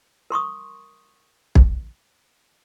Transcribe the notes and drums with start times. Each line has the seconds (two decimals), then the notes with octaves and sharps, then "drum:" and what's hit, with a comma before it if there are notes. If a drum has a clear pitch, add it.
0.30 A#4 C6 C#6 D#6
1.55 drum: kick